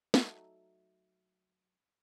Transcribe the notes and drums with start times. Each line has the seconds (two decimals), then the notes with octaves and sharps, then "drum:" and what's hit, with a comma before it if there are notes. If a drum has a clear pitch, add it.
0.14 F#3 A3 D#4, drum: snare